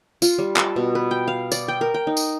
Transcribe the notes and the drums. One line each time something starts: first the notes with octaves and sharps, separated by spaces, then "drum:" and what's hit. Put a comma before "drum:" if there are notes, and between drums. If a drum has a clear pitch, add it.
F4, drum: tambourine
G3
A5, drum: clap
B2
B4
G5
F5
D5, drum: tambourine
G5
A#4
G5
D#4
drum: tambourine